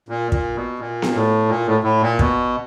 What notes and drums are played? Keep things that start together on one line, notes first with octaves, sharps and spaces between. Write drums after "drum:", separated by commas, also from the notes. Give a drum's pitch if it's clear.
A#2
A#2, drum: kick
B2
A#2
drum: snare B3
A2
A#2
A2
A2
A#2
B2, drum: kick